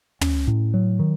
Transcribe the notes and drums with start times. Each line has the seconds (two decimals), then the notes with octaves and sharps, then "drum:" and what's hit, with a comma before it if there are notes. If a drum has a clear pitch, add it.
0.21 C#4, drum: tom
0.47 A2
0.74 F#3
0.99 D#3